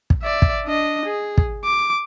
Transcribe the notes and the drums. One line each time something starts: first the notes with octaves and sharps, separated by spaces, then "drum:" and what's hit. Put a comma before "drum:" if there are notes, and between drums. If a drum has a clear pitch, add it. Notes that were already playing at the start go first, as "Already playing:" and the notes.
drum: kick
D5 E5
drum: kick
D4 D#5
G#4
drum: kick
D6